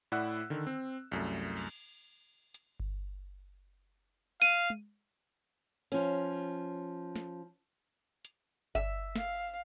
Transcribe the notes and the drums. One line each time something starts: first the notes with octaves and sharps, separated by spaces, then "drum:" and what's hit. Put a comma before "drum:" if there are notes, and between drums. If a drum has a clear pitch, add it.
A2 E4 D5 F#5 E6 F#6
D3 D#3
C4
C2 F#2 A3
drum: cymbal
drum: hi-hat
drum: kick G1
F5 D#7
drum: tom G#3
F3 C#4, drum: hi-hat
drum: snare
drum: hi-hat
E5, drum: kick G1
F5, drum: snare